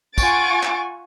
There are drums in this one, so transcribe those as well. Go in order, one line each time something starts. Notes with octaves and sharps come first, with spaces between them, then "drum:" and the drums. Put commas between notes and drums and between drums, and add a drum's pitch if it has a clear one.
F4 F#5 G#5 C#6 A6 D7, drum: kick, tambourine
drum: clap